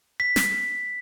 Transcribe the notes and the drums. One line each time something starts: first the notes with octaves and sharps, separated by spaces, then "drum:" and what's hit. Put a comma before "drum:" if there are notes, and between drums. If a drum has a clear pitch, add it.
B6
drum: snare